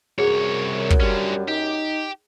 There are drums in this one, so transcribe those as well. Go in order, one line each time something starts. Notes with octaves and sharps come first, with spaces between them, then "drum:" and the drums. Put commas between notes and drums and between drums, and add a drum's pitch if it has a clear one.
C2 F#2 G#4 C#5
drum: kick
D3 G3 C#4
D#4 G4